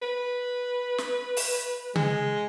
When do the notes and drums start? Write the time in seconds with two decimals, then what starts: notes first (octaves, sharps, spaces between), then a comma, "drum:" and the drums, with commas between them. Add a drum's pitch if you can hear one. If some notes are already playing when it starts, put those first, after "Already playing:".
0.02 B4
0.98 drum: snare
1.37 drum: open hi-hat
1.96 G#3, drum: tom C#3